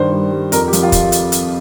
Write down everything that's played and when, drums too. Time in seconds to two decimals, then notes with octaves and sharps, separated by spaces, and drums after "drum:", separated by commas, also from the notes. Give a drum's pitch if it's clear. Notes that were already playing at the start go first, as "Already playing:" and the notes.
Already playing: G2 D#3 C5
0.12 G3
0.32 G3
0.52 F2 A#4, drum: hi-hat
0.68 G4
0.73 F3, drum: hi-hat
0.83 F4
0.92 drum: kick, hi-hat
1.12 drum: hi-hat
1.32 drum: hi-hat